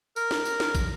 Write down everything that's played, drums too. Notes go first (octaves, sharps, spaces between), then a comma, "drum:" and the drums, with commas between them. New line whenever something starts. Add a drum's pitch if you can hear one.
A#4, drum: tambourine
drum: snare
drum: tambourine
drum: snare
drum: kick, tambourine